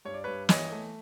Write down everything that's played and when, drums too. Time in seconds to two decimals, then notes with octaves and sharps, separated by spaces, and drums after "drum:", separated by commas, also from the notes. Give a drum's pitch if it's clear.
0.05 G2 C#5
0.14 D5
0.24 G2 B4 C#5
0.49 E3 C#5 D#5, drum: snare
0.72 A3